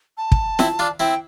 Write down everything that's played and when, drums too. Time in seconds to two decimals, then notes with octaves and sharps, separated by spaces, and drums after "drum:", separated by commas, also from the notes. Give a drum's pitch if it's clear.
0.17 A5
0.32 drum: kick
0.59 C4 E4, drum: snare
0.79 D4 F4
1.00 C4 E4 G5